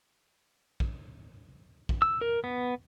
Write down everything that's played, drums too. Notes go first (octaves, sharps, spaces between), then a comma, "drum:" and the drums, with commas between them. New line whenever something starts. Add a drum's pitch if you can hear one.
drum: kick
drum: kick
E6
A#4
B3